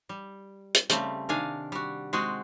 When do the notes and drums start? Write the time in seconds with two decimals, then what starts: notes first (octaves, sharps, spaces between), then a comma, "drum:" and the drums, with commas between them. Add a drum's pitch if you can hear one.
0.09 G3
0.75 drum: hi-hat
0.89 C#3 G3 A3 C4, drum: hi-hat
1.29 C3 D#3 D4 F5 G#5
1.72 G3 F#4
2.13 G#3 C4 F#4 G#4 D#5